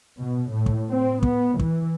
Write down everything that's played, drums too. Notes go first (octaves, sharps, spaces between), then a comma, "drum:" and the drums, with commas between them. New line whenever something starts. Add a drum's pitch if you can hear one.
B2
A2
drum: kick
C4
B3, drum: kick
E3, drum: kick